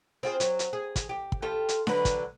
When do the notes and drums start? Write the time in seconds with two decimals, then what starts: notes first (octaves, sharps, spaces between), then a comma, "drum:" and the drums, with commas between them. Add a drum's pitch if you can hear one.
0.23 C4 F4 G#4
0.40 F#3, drum: hi-hat
0.59 drum: hi-hat
0.73 G#4
0.96 drum: kick, hi-hat
1.09 G4
1.32 drum: kick
1.42 F4 G4 A4
1.69 drum: hi-hat
1.87 D3 F#3 B4, drum: snare D4
2.05 drum: kick, hi-hat